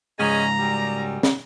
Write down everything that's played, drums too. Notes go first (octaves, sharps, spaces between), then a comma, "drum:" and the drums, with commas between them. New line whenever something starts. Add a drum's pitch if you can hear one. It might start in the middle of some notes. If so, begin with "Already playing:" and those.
C#2 G#2 C#4 D#4 G#4 A#5
F#2 G3
drum: snare